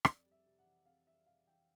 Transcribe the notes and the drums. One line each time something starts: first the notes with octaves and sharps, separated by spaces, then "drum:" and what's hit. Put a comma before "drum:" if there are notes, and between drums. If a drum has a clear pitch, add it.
F2 D5, drum: rim click
G3
E5
C3
F#5
E3
F2 F5
G3 E5
C3 F5
E3 G5